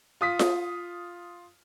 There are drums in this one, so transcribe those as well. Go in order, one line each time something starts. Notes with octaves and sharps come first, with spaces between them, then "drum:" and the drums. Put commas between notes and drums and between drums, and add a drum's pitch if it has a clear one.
F4 D#6 B6
drum: snare F4